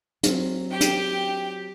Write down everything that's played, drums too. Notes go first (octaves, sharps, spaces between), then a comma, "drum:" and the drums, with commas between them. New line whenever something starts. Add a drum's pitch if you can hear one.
F#3 C4, drum: hi-hat
G4 G5
drum: hi-hat